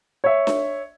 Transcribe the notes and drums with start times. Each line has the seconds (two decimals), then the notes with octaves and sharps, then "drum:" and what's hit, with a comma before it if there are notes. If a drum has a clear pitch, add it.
0.24 C#5 E5
0.47 drum: snare D4